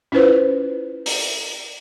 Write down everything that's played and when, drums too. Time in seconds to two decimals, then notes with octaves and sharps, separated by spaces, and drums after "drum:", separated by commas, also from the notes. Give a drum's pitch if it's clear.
0.12 C#4 E4 F4 B4 C5
1.06 drum: open hi-hat